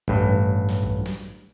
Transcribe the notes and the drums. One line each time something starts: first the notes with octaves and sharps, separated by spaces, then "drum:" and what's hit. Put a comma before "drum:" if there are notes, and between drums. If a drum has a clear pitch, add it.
A1 G2, drum: kick A1
drum: snare
drum: kick A1
drum: snare